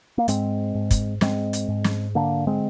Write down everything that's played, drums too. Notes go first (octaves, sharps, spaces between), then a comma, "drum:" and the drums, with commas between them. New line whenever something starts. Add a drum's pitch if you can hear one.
A#3
G#2 G#3 C4, drum: hi-hat
G#2
drum: kick, hi-hat
G#2 G#3 C4, drum: snare
drum: hi-hat
G#2
drum: snare
D3 A#3 D4
G#3 C4